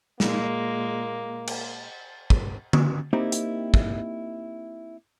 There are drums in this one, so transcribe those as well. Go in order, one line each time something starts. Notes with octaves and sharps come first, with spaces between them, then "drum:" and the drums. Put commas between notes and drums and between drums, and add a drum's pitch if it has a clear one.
A#2 G#3 A#3, drum: snare
drum: cymbal
drum: kick
drum: tom D3
A#3 C4 D#4 E4 G4
drum: hi-hat
drum: kick